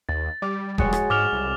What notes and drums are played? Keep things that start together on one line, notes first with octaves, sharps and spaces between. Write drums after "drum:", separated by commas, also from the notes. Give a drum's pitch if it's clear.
D#2 A6
G3 D6 F6
G#3 F#4 C#5, drum: kick E1
drum: rim click
G#2 D6 F6 F7
C2